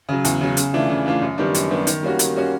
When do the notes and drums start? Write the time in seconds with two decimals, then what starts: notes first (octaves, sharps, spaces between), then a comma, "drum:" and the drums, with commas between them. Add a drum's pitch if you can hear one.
0.09 C#3 F#3
0.25 E2, drum: hi-hat
0.41 C#3 F#3
0.57 C#3, drum: hi-hat
0.73 E3 A3 D4 F4
0.90 C#3
1.06 E3 A3 D4 F4
1.22 F#2
1.38 D#3 G3 B3 D4
1.54 F#2, drum: hi-hat
1.70 D#3 G3 B3 D4
1.87 D#3, drum: hi-hat
2.03 G3 A#3 C#4 F#4
2.19 D#3, drum: hi-hat
2.35 G3 A#3 C#4 F#4